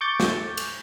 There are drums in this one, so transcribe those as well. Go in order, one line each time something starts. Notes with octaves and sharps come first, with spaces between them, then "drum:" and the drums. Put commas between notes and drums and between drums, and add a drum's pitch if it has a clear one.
C#6 D6 G6 A6
drum: snare
drum: cymbal